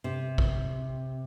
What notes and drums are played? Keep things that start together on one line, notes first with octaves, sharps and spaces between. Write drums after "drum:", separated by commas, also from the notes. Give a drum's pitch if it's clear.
C3
drum: kick